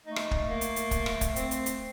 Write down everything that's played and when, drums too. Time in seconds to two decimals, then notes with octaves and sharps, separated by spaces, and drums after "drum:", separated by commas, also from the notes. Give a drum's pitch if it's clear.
0.06 A3 D#4
0.16 drum: rim click
0.31 drum: kick
0.49 A#3
0.61 drum: hi-hat
0.76 drum: hi-hat
0.91 drum: kick, hi-hat
1.06 drum: rim click
1.21 drum: kick, hi-hat
1.36 C4, drum: hi-hat
1.51 drum: hi-hat
1.66 drum: hi-hat